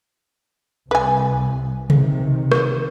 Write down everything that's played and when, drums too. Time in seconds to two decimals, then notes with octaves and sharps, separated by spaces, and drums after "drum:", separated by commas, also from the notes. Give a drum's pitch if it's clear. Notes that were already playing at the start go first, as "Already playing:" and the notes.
0.91 C2 B4 G#5
1.90 C3 D#3, drum: tom C3
2.52 drum: rim click